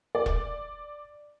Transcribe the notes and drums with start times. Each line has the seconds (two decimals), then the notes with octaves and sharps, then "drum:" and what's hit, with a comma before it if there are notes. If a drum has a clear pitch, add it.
0.15 D5
0.26 drum: kick E1